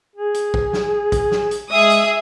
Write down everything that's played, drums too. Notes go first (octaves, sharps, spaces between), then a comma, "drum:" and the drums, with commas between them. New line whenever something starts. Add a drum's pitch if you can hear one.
G#4
drum: hi-hat
drum: kick
drum: snare
drum: kick, hi-hat
drum: snare
drum: hi-hat
G#3 G#4 E5 D#6
drum: hi-hat